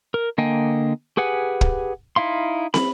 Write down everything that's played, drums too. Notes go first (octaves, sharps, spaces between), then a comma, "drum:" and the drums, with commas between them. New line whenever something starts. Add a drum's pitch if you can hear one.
A#4
D3 A#3 D#5 G5 G#5
G4 G#4 B4 F#5 G#5
drum: kick
D#4 E4 F5 C6
B5, drum: snare